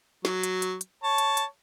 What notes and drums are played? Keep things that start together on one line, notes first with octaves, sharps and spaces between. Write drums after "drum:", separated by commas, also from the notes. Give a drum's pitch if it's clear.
F#3, drum: snare
drum: hi-hat
drum: hi-hat
drum: hi-hat
C#5 A5
drum: hi-hat
drum: hi-hat